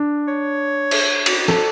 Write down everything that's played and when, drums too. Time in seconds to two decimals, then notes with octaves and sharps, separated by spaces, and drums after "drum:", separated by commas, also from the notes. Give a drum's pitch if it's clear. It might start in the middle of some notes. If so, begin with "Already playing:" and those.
Already playing: D4
0.28 C#5
0.91 drum: cymbal
1.26 drum: cymbal
1.48 A4, drum: snare